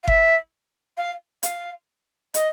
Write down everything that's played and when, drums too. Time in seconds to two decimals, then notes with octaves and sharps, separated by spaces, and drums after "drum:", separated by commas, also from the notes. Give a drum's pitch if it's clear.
0.03 F5
0.08 E5, drum: kick G1
0.97 F5
1.43 F5, drum: hi-hat
2.34 D#5, drum: hi-hat